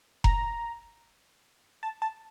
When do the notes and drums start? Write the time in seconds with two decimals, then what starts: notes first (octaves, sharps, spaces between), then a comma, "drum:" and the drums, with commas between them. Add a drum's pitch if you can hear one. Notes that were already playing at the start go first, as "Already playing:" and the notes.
0.24 A#5, drum: kick F1
1.83 A5
2.02 A5